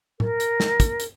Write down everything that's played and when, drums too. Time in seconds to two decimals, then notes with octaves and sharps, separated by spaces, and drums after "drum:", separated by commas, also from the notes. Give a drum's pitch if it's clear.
0.20 A#4, drum: tom A2
0.40 drum: hi-hat
0.60 drum: snare
0.80 drum: kick, hi-hat
1.00 drum: hi-hat